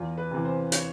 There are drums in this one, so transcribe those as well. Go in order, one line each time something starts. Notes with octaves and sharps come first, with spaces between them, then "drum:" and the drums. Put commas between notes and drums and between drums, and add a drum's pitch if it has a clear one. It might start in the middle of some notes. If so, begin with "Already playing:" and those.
Already playing: E2 F4
B4
C3 E3
C5
C#5, drum: hi-hat